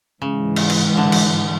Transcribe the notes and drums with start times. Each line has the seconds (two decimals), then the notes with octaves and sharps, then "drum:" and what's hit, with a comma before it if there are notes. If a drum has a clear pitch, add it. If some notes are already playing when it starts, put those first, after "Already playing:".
0.21 G#2 C#3 E3 G#3
0.56 drum: cymbal
0.70 drum: cymbal
0.97 D3
1.12 drum: cymbal